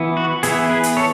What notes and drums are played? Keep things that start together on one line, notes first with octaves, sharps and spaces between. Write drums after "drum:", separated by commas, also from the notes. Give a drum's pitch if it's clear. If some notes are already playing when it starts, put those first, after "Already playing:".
Already playing: E3 B3 E4
F#4
E3 B3 E4 G#4, drum: hi-hat
G#4 B4
drum: hi-hat
A4 C#5